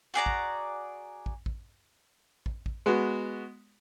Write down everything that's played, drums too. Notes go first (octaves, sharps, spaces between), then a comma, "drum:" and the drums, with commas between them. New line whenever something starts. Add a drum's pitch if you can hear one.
F#4 G#4 D5 A#5
drum: kick
drum: kick
drum: kick
drum: kick
drum: kick
G#3 B3 F#4